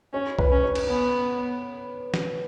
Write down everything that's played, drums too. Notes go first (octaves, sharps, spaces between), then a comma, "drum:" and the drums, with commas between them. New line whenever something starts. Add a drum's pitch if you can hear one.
C#4 C#5
B4, drum: kick B1
C#4
C#5
drum: cymbal
B3
drum: snare